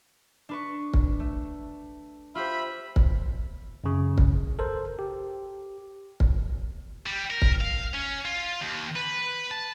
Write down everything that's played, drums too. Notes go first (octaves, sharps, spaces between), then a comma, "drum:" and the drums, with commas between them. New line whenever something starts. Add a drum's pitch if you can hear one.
D4 B4 C#6
drum: kick
A3
F4 G4 C5 E5 B5
drum: kick
F#2 C#3
drum: kick
A4 A#4 C5
G4
drum: kick
G3
A#4
drum: kick
F5
C#4
F4
D#2
B4
A5